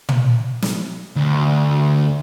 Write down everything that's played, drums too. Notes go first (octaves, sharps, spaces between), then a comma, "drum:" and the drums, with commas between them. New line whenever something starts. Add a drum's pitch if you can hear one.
drum: tom
drum: snare
D2